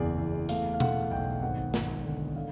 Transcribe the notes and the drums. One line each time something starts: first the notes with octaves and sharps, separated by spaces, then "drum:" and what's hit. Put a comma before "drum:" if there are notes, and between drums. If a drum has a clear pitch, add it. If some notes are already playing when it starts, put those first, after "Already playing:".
Already playing: F#1 E2 G#4 D5
E2
A3 F5, drum: hi-hat
F5
A3 F#5, drum: tom B2
B1 G5
G#1 F#5
G#1, drum: snare
D3
D3 F5